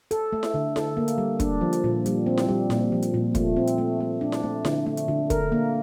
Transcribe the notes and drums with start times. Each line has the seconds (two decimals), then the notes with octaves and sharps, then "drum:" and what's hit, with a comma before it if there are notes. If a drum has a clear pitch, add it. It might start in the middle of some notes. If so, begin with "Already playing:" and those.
0.11 A4, drum: hi-hat
0.33 A3
0.43 drum: snare E4
0.54 D3
0.76 A4, drum: snare E4
0.97 A#3
1.08 drum: hi-hat
1.18 G3
1.40 D4, drum: kick, hi-hat
1.61 F3
1.73 drum: hi-hat
1.84 A#2
2.06 G3, drum: hi-hat
2.26 C4
2.38 drum: snare E4
2.49 G3
2.70 A#2, drum: snare E4
2.92 F3
3.02 drum: hi-hat
3.14 A#2
3.35 A3, drum: kick, hi-hat
3.56 C4
3.67 drum: hi-hat
3.78 A3
4.00 A3
4.21 D4
4.32 drum: snare E4
4.43 A3
4.65 D3, drum: snare E4
4.86 A3
4.97 drum: hi-hat
5.08 D3
5.30 A#4, drum: kick, hi-hat
5.52 A#3